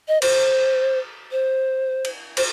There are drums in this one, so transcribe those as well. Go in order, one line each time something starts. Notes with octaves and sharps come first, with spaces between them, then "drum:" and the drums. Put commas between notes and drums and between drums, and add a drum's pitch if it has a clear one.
D#5
C5, drum: cymbal
C5
drum: cymbal
C5, drum: cymbal